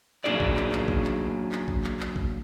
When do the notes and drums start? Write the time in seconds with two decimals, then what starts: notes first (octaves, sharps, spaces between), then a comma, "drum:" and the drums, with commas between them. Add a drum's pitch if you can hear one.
0.24 F#3 A#3 D4 G#4 D5, drum: clap
0.40 drum: kick A1
0.56 drum: clap
0.72 drum: clap
0.88 drum: kick A1
1.04 drum: clap
1.52 drum: clap
1.68 drum: kick A1
1.84 drum: clap
2.00 drum: clap
2.16 drum: kick A1